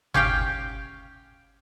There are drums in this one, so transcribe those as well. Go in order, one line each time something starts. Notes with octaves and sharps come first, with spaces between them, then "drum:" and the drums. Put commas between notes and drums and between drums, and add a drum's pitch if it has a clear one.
C#4 G4 F5 G5, drum: tom G1